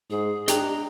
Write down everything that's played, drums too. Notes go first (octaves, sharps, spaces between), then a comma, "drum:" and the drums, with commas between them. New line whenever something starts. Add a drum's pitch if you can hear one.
G#2 G#4
D4 G4 D#5 G5 A#5 F#6, drum: hi-hat